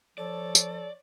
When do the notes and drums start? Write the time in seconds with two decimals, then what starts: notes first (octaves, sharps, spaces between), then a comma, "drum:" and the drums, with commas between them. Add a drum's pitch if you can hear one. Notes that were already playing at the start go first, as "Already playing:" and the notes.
0.18 F3 A4 C#5 D5
0.55 drum: tambourine